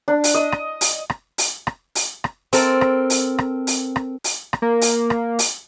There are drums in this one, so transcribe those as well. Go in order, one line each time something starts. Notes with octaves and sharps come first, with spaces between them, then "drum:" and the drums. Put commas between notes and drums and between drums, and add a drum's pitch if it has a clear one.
D4
drum: open hi-hat
D#5
drum: rim click
drum: open hi-hat
drum: rim click
drum: open hi-hat
drum: rim click
drum: open hi-hat
drum: rim click
C4 A4 A#4, drum: open hi-hat
drum: rim click
drum: open hi-hat
drum: rim click
drum: open hi-hat
drum: rim click
drum: open hi-hat
drum: rim click
A#3
drum: open hi-hat
drum: rim click
drum: open hi-hat